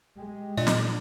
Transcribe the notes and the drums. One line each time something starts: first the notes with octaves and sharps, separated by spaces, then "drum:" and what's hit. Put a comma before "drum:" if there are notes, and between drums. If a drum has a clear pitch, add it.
G#3 G4
A#2 D4 D#5
drum: snare